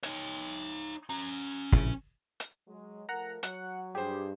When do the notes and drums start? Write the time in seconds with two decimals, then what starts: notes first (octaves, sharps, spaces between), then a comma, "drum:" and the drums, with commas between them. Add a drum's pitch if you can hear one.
0.03 D#4 C#5, drum: hi-hat
1.10 C#4 A#5
1.72 A#1 A2 C#3, drum: kick
2.40 drum: hi-hat
2.68 F#3 G#3
3.09 F3 A3 A#4 F#5 A#5
3.43 F#3 F#5, drum: hi-hat
3.95 G2 G4 G#4 C5